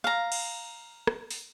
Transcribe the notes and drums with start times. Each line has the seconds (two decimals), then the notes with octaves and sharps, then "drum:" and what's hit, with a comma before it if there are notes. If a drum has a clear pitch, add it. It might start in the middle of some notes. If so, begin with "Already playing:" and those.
0.04 F5 A#5
0.32 drum: cymbal
1.07 drum: rim click
1.31 drum: open hi-hat